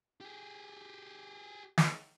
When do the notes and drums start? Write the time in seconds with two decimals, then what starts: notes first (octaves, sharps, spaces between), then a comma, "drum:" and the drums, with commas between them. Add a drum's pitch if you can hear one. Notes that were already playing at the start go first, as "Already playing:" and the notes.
0.21 G4 G#4
1.78 drum: snare